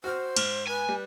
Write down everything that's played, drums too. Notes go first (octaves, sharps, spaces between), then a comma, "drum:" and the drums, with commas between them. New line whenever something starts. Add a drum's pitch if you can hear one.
F#4 C5 F6
G#2 F6, drum: cymbal
B4 G#5
G3